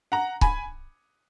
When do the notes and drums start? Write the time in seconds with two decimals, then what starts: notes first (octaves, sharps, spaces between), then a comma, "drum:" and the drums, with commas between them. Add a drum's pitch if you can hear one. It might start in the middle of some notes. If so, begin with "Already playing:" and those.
0.12 F#5 A#5
0.41 G#5 B5, drum: kick C#1